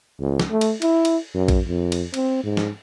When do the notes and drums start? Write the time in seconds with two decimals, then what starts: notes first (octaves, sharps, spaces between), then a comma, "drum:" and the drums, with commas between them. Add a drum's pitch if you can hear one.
0.19 C#2
0.40 drum: snare
0.51 A3
0.61 drum: cymbal
0.82 E4, drum: cymbal
1.05 drum: cymbal
1.34 F#2
1.48 drum: kick A#1, cymbal
1.67 F2
1.92 drum: cymbal
2.14 C4, drum: cymbal
2.44 G#2
2.57 drum: snare